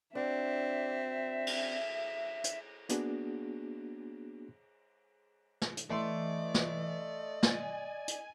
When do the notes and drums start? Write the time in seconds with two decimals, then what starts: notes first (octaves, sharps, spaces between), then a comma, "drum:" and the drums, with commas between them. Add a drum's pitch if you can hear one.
0.15 C4 D4 F#4 D5 E5
1.47 drum: cymbal
2.44 drum: hi-hat
2.89 A#3 B3 D4 F#4 G#4, drum: hi-hat
5.62 drum: snare
5.77 drum: hi-hat
5.90 E3 A3 D5 D#5 C6
6.54 drum: snare
7.43 G#5 A6, drum: snare
8.08 drum: hi-hat